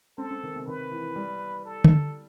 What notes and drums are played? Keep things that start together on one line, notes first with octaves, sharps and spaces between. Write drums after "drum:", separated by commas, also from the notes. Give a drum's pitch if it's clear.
C4 A4
C4
D#3
C3
D#3 B4
E3
G3
A4
drum: tom D3